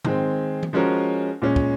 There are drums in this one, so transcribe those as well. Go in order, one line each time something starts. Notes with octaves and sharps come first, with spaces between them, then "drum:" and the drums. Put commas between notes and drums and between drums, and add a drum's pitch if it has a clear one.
D#3 G#3 C4, drum: tom G#2
drum: tom D#3
F3 G#3 C#4 F#4 A#4
A#2 G#3 C#4
drum: kick